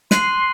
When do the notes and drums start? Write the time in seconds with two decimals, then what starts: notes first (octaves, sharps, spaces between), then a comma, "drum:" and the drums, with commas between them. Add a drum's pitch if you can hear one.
0.11 C6 F#6 C7 D#7 F#7, drum: snare